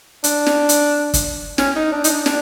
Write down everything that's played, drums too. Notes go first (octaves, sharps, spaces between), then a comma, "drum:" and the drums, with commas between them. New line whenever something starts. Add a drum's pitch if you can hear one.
D4, drum: hi-hat
drum: snare
drum: hi-hat
drum: kick, hi-hat
C#4, drum: snare
D#4
D4
D#4, drum: hi-hat
D4
D4, drum: snare